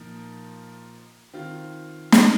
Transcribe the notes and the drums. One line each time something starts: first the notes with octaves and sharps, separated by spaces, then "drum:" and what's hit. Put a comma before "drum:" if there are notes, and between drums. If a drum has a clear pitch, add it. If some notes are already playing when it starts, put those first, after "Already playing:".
Already playing: A#2 F3 D#4 A#4
D#3 C4 F4
drum: snare